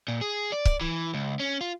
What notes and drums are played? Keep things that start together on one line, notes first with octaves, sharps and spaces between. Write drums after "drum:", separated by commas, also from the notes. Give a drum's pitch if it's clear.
A#2
G#4
D5
drum: kick C#1
E3
C#2
C#4
F4